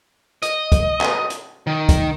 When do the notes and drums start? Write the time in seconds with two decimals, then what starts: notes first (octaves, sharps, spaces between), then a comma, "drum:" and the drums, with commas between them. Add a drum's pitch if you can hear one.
0.43 D#5, drum: hi-hat
0.72 drum: kick, hi-hat
1.01 drum: clap
1.30 drum: hi-hat
1.67 D#3
1.89 drum: kick, hi-hat